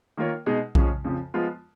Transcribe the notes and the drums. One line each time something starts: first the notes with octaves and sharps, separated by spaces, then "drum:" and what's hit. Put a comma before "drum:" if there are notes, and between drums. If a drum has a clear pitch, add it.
D#3 A#3 F4 A#4 C#5
B2 G#3 D#4 G#4
C#3 F3 G#3 C#4, drum: kick B1
F2 C#3 F3
F3 G#3 B3 F4